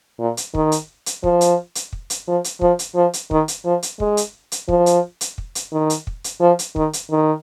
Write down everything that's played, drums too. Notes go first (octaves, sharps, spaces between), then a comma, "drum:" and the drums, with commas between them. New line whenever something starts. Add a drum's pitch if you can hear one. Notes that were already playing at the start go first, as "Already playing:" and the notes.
A#2
drum: hi-hat
D#3, drum: kick
drum: hi-hat
drum: hi-hat
F3, drum: kick
drum: hi-hat
drum: hi-hat
drum: kick
drum: hi-hat
F3
drum: hi-hat
F3, drum: kick
drum: hi-hat
F3
drum: hi-hat
D#3, drum: kick
drum: hi-hat
F3
drum: hi-hat
G#3, drum: kick
drum: hi-hat
drum: hi-hat
F3, drum: kick
drum: hi-hat
drum: hi-hat
drum: kick
drum: hi-hat
D#3
drum: hi-hat
drum: kick
drum: hi-hat
F3
drum: hi-hat
D#3, drum: kick
drum: hi-hat
D#3